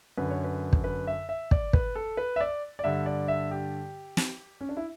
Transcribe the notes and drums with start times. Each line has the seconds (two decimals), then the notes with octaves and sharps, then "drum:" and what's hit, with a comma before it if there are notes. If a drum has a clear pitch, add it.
0.17 F#2 D3 B4
0.30 C#5
0.44 B4
0.73 drum: kick
0.84 B4
1.07 E5
1.29 E5
1.51 D5, drum: kick
1.73 B4, drum: kick
1.95 A4
2.17 B4
2.36 E5
2.40 D5
2.79 D5
2.84 G2 D3 E5
3.06 D5
3.28 E5
3.51 G4
4.17 drum: snare
4.61 C#4
4.69 D4
4.77 E4